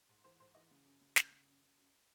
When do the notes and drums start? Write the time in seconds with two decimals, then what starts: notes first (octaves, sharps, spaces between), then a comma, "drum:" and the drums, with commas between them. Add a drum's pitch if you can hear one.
0.09 G#2
0.24 E3 C5
0.40 G#2 C5
0.55 E3 D#5
0.71 C#3
0.85 F#2
1.01 C#3
1.16 C#3, drum: snare
1.31 C#3
1.47 F#2
1.63 F#2
1.77 F#2